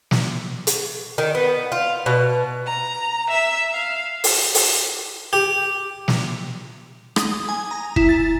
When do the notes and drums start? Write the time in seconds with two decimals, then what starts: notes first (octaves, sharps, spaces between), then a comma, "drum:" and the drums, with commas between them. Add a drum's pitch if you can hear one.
0.11 drum: snare
0.67 drum: hi-hat
1.18 D#3
1.35 B3
1.72 F4
2.06 B2
2.66 A#5
3.30 E5
3.73 F5
4.24 drum: open hi-hat
4.54 drum: open hi-hat
5.33 G4
6.08 drum: snare
7.16 D#6, drum: rim click
7.49 G#5
7.71 A#5
7.96 E4, drum: kick
8.09 A6